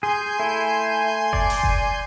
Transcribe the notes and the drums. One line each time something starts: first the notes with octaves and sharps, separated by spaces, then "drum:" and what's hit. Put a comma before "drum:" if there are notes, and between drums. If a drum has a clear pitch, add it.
G#4 G#5 C6 G6
A3 E4
D5, drum: kick F#1
drum: hi-hat
drum: kick F#1